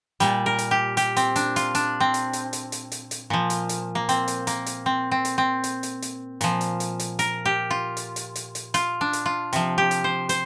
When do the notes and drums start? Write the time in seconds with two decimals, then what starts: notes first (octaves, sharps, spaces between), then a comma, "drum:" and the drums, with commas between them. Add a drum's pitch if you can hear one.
0.20 A#2 G3, drum: hi-hat
0.46 A#4
0.58 drum: hi-hat
0.71 G4
0.97 G4, drum: hi-hat
1.16 C4, drum: hi-hat
1.36 D4, drum: hi-hat
1.56 F4, drum: hi-hat
1.75 D4, drum: hi-hat
2.00 C4
2.14 drum: hi-hat
2.33 drum: hi-hat
2.53 drum: hi-hat
2.72 drum: hi-hat
2.92 drum: hi-hat
3.11 drum: hi-hat
3.30 A#2 F3
3.50 drum: hi-hat
3.69 drum: hi-hat
3.95 A#3
4.09 C4, drum: hi-hat
4.28 drum: hi-hat
4.47 A#3, drum: hi-hat
4.66 drum: hi-hat
4.86 C4
5.11 C4
5.25 drum: hi-hat
5.38 C4
5.64 drum: hi-hat
5.83 drum: hi-hat
6.02 drum: hi-hat
6.41 A#2 F3, drum: hi-hat
6.61 drum: hi-hat
6.80 drum: hi-hat
7.00 drum: hi-hat
7.19 A#4, drum: hi-hat
7.45 G4
7.71 F4
7.97 drum: hi-hat
8.16 drum: hi-hat
8.36 drum: hi-hat
8.55 drum: hi-hat
8.74 F4, drum: hi-hat
9.01 D4
9.13 drum: hi-hat
9.26 F4
9.53 C3 F3, drum: hi-hat
9.78 G4
9.91 drum: hi-hat
10.04 C5
10.29 C5, drum: hi-hat